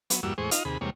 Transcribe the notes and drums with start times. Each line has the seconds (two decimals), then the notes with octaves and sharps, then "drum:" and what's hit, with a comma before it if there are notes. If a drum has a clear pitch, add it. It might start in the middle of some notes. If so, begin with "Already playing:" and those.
0.10 F#3 B3, drum: hi-hat
0.23 E2 G2 G3 A#3 F#4 E6
0.38 E2 A2 G#3 G#4 C5 C#6
0.51 D#4 F4 D#5 F5, drum: hi-hat
0.65 D#2 C3 G#4 B5
0.81 E2 C3 G3 G#3 A#3 C#5